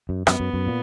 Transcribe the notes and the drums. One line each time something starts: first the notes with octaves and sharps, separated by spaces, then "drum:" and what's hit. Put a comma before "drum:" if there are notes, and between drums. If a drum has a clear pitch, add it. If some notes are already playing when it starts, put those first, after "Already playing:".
F#2
F#2 B3, drum: rim click
F#2
F#2
A#2